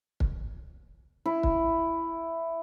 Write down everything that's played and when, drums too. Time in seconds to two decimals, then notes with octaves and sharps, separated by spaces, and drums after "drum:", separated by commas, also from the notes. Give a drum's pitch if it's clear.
0.20 drum: kick
1.26 E4
1.43 drum: kick